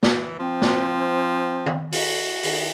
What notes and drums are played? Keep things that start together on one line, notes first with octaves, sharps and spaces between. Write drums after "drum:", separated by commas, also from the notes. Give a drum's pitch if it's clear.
E3, drum: snare
F3 C4
drum: snare
drum: tom D#3
F#4, drum: open hi-hat
D#3, drum: open hi-hat